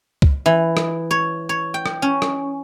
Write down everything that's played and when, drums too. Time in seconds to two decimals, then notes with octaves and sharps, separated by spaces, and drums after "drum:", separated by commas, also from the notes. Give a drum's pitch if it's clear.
0.22 drum: kick C#2
0.46 E3
0.77 drum: rim click
1.11 C#5
1.49 C#5
1.74 G5
1.86 drum: rim click
2.02 C#4
2.22 drum: rim click